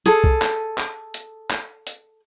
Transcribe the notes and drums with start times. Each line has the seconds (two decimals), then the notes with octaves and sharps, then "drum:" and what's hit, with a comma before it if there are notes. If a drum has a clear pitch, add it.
0.06 G#4 A4, drum: hi-hat
0.24 drum: kick B1
0.42 drum: clap
0.78 drum: clap
1.14 drum: hi-hat
1.50 drum: clap
1.87 drum: hi-hat